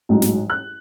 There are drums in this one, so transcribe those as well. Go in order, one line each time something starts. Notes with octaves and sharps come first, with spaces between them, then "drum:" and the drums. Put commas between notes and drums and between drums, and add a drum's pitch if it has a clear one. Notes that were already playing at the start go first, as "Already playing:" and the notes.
A1 G#2 F#3
drum: snare
F#6